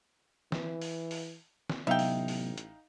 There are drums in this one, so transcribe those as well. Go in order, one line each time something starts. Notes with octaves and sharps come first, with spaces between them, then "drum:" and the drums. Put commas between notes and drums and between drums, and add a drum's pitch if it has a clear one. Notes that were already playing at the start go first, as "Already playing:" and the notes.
E3, drum: snare
drum: open hi-hat
drum: open hi-hat
drum: snare
A1 C3 F#3 B3 D#4 E5 F5 G5
drum: open hi-hat
drum: open hi-hat
drum: hi-hat